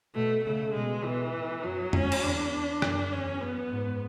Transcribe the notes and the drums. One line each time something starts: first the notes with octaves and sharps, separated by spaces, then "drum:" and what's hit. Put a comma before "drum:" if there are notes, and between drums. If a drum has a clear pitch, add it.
B2 A3
C#3 A3
B2 G#3
B2 E3
A2
F#2 F#3
C#4, drum: tom F2
drum: cymbal
E2 D4
F#2, drum: rim click
E2 C#4
F#2 B3
G#2